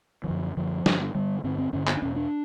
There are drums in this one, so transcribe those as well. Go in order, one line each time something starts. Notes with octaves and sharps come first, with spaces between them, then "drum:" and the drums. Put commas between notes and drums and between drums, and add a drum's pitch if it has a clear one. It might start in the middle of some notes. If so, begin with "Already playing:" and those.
E3
F#2 D3 F3
F#2 D3 F3
G2 D3, drum: snare
G2 D3 G3
G2 D3 C4
C4
G2 D3 C#4
B3, drum: clap
D4
E2 B2 C#4
D4